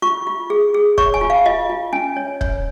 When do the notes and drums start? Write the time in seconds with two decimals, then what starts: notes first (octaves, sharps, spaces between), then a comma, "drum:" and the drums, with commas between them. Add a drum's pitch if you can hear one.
0.02 F4 C#6
0.27 F4
0.50 G#4
0.74 G#4
0.98 C#5 C#6, drum: kick
1.14 G#5
1.21 F4
1.30 F5
1.46 F4 D#5
1.69 F4
1.93 C#4 G#5
2.17 C#5
2.41 C#5, drum: kick